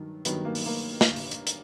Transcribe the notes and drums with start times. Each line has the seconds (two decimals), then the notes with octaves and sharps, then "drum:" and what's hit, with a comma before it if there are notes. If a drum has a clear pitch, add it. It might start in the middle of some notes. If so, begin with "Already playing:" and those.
Already playing: G2 D#3 F#3
0.25 G2 D#3 F#3 B3, drum: hi-hat
0.45 A#3
0.55 drum: open hi-hat
0.66 A#3
1.01 drum: snare
1.16 drum: open hi-hat
1.31 drum: hi-hat
1.47 drum: hi-hat